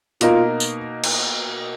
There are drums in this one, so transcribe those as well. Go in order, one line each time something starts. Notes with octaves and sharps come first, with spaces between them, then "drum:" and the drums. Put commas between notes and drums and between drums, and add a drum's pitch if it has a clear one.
B2 A#3 D#4 F4 A#4, drum: hi-hat
drum: tambourine
drum: cymbal